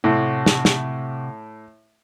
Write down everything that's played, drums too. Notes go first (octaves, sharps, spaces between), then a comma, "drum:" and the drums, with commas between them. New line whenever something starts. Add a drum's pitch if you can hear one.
A2 C3 F#4
drum: snare
drum: snare